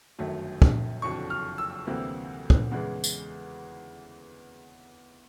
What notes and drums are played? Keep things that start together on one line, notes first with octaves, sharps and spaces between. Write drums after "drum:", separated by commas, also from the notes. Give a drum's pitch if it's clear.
G1 F#2 D#3 F#3 A3
drum: kick
F#1 F2 D3 F#3 C#6
F6
E6
D2 C3 E3 G3 A#3
drum: kick
E2 C#3 E3 G#3
drum: tambourine